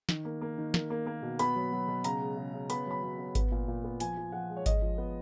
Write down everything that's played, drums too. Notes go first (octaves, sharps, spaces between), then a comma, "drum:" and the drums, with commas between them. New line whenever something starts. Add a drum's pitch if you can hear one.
D#3, drum: snare
A#3
A#3
D#3
A#3, drum: snare
A#3
A#3
B2
B3 B5, drum: hi-hat
F#3
F#3
B2
C#3 A#5, drum: hi-hat
G#3
C#3
C#3
B3 B5, drum: hi-hat
F#3 B5
F#3
B3
B3, drum: kick G#1, hi-hat
A#2
A#2
B3
F3 G#5, drum: hi-hat
F3
F3 F#5
G#3
C#5
G#3 D#5, drum: kick G#1, hi-hat
F3
B3